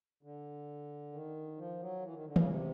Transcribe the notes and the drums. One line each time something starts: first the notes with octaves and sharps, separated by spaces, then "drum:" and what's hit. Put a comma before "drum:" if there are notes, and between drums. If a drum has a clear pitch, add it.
D3
D#3
F3
F#3
E3
D#3
D3
C#3, drum: tom D#3
C3